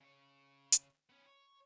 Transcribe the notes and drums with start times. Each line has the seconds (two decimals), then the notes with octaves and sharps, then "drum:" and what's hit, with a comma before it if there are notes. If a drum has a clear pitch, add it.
0.01 C#3 C#5
0.72 drum: hi-hat
1.09 B3 C#4
1.27 C#5